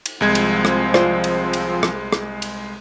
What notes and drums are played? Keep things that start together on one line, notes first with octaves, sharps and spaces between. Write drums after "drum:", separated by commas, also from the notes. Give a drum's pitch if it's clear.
drum: cymbal
C2 F3 G#3 C4 G#6
drum: cymbal
drum: rim click
F4 C5 D5, drum: rim click
drum: cymbal
drum: cymbal
drum: rim click
drum: rim click
drum: cymbal